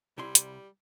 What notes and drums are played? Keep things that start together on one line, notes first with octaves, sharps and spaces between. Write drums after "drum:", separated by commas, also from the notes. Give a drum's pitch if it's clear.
C2 G3 E4 C6
drum: hi-hat